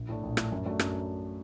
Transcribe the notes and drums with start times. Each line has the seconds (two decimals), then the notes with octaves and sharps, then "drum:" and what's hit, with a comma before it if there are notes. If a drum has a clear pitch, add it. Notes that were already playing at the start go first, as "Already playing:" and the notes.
Already playing: A#1
0.09 A2 A3 D4
0.23 A#1
0.37 A2 A3 D4, drum: rim click
0.52 F#2
0.66 F#3 A3 D4
0.79 F#2, drum: rim click